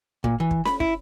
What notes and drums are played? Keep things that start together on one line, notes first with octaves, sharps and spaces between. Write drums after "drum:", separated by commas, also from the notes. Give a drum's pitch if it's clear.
A#2, drum: kick
E3
drum: kick
B5, drum: snare C#4
E4, drum: kick